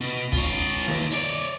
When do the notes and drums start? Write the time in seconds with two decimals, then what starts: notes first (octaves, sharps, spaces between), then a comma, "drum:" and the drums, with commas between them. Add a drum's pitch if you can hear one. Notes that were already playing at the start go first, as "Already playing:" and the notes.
0.01 B2
0.33 F4 C#5, drum: kick, hi-hat
0.88 D#2, drum: snare
1.11 C#5 D5